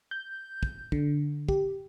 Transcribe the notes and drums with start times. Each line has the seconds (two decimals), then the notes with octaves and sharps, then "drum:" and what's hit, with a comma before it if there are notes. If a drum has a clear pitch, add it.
0.11 G6
0.63 drum: kick
0.92 D3, drum: kick
1.48 G4, drum: kick